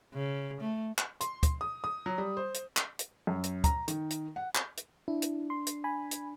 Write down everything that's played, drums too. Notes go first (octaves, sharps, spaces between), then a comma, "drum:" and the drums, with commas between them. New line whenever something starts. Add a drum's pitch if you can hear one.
C#3
A3
drum: clap
C6, drum: hi-hat
drum: kick, hi-hat
D#6
D#6
F#3
G3
C5
drum: hi-hat
drum: clap
drum: hi-hat
F#2
drum: hi-hat
A#5, drum: kick, hi-hat
D#3, drum: hi-hat
drum: hi-hat
F#5
drum: clap
drum: hi-hat
D4 E4
drum: hi-hat
C6
drum: hi-hat
G#5 B5
drum: hi-hat